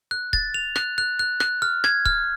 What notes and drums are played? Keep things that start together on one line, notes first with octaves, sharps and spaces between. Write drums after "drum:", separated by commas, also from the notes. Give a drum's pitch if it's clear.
F#6
A6, drum: kick C#1
F7
F#6, drum: rim click
F#6
F#6
F#6, drum: rim click
F6
G#6, drum: rim click
F6, drum: kick C#1